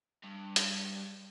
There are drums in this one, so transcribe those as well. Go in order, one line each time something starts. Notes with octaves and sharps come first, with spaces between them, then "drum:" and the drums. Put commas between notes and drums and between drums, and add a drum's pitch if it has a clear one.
G2
drum: hi-hat